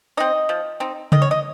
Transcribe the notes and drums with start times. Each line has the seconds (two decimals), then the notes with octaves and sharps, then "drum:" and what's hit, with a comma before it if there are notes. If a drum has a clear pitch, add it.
0.17 C4 D#4 D#5
0.49 F3
0.80 C4 D#4
1.12 D#3 D#5, drum: tom C#3
1.22 C#5
1.31 D#5